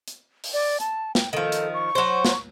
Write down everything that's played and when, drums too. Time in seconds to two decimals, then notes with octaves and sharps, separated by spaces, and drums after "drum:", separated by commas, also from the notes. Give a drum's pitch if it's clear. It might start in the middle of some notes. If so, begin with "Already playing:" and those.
0.08 drum: hi-hat
0.44 drum: open hi-hat
0.53 D5
0.80 A5, drum: hi-hat
1.15 G5, drum: snare
1.33 D#3 F3 A4
1.52 drum: hi-hat
1.74 C#6
1.95 F#3 C5
2.25 drum: snare